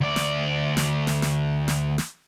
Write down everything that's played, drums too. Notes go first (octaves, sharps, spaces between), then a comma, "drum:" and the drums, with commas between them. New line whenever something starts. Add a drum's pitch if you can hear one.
D2 D5
drum: snare
drum: snare
drum: snare
drum: snare
drum: snare
drum: snare